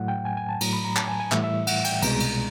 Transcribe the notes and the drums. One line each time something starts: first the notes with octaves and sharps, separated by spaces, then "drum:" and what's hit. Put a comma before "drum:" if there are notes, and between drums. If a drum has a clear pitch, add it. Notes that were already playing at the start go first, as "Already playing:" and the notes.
Already playing: A2 F#3 F#5
G5
G#5
G#5
A5
A2 F#3 A#5, drum: cymbal
B5
A#5
A5, drum: clap
G#5
G#5
A2 E3 G3 E5, drum: clap
E5
F#5, drum: cymbal
G5, drum: cymbal
C2 B2 G#3 A#5, drum: cymbal
drum: cymbal